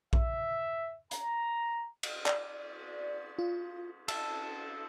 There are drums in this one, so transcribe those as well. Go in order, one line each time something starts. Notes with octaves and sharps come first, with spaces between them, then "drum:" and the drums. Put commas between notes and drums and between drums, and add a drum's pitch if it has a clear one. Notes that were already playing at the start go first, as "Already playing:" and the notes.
E5, drum: kick A#1
A#5, drum: hi-hat
drum: cymbal
D5, drum: clap
F4
A4, drum: cymbal